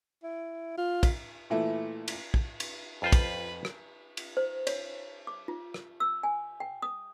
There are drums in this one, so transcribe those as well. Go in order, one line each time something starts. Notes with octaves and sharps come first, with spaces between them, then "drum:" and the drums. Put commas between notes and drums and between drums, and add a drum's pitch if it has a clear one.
E4
F4
drum: kick, cymbal
A#2 E3 A3 E4
drum: cymbal
drum: kick
drum: cymbal
F2 F4 B4 C5
drum: kick, cymbal
drum: rim click
drum: cymbal
C5
C#5, drum: cymbal
D6
F4
drum: rim click
E6
G#5
G5
D#6